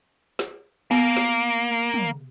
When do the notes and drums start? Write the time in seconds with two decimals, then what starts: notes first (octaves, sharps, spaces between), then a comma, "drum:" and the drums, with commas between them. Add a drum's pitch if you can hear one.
0.39 drum: snare
0.91 A#3 B3
1.17 drum: snare
1.94 drum: tom